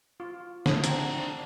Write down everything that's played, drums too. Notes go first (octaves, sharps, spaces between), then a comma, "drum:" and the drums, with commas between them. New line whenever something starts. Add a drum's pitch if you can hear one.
F4
A3 G#4 A4, drum: snare
C4 D4 F4 F#5 A#5, drum: hi-hat